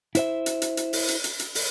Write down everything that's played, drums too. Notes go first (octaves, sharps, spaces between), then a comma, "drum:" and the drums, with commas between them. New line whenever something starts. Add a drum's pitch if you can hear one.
E4 C5 E5, drum: hi-hat
drum: hi-hat
drum: hi-hat
drum: hi-hat
drum: open hi-hat
drum: hi-hat
drum: hi-hat
drum: hi-hat
drum: open hi-hat